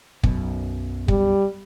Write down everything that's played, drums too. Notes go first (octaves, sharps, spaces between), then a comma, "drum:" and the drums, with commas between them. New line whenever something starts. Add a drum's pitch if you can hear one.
B1 F#2 B2, drum: kick
G3, drum: kick